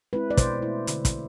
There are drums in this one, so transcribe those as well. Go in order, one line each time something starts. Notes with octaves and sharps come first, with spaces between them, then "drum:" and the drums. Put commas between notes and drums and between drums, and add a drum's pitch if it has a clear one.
G#3 C4 E4 B4
D5
B2 C5, drum: kick, hi-hat
A3 E4
D3, drum: hi-hat
drum: kick, hi-hat